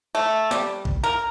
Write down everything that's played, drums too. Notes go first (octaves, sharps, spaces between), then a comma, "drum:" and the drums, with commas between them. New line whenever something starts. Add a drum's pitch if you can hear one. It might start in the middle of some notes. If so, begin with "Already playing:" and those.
A3
G3, drum: snare
drum: kick A#1
A#4